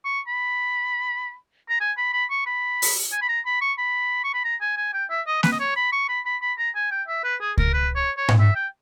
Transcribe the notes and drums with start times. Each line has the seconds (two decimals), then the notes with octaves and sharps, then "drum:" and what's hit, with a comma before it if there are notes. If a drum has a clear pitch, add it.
0.05 C#6
0.27 B5
1.69 A#5
1.80 G#5
1.97 B5
2.13 B5
2.30 C#6
2.46 B5
2.82 drum: open hi-hat
3.12 G#5
3.22 B5
3.29 A#5
3.46 B5
3.61 C#6
3.78 B5
4.24 C#6
4.34 B5
4.44 A#5
4.61 G#5
4.77 G#5
4.93 G5
5.10 E5
5.27 D#5
5.43 B4, drum: snare A#3
5.52 D#5
5.60 C#5
5.76 B5
5.92 C#6
6.09 B5
6.25 B5
6.42 B5
6.58 A#5
6.75 G#5
6.91 G5
7.08 E5
7.24 B4
7.41 G#4
7.58 A#4, drum: kick C#2
7.73 B4
7.96 C#5
8.17 C#5
8.29 drum: tom G#2
8.39 E5
8.55 G5